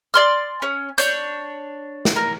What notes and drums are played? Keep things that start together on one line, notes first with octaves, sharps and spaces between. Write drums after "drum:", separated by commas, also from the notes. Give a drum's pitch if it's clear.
D5 C6 F6
C#4 C#5
D4 C#5 G6, drum: hi-hat
drum: snare
A#4